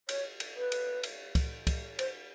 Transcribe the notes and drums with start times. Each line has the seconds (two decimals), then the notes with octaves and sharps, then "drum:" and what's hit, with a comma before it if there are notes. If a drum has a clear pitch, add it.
0.09 C#5, drum: cymbal
0.40 drum: cymbal
0.57 B4
0.72 drum: cymbal
1.03 drum: cymbal
1.35 drum: kick, cymbal
1.67 drum: kick, cymbal
1.99 C5, drum: cymbal